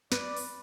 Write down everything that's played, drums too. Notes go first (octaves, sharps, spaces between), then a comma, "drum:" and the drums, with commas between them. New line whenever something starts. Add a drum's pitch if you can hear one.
B4 D5, drum: snare
drum: open hi-hat